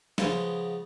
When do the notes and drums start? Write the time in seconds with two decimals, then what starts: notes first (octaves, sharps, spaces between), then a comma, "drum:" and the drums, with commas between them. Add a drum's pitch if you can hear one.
0.18 C#3 F3 G#3 B3, drum: snare